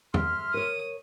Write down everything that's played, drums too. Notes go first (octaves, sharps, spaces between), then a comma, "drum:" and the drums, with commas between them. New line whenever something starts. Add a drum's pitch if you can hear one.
E5 C6 F6, drum: tom E2
A#4 C#5 D#6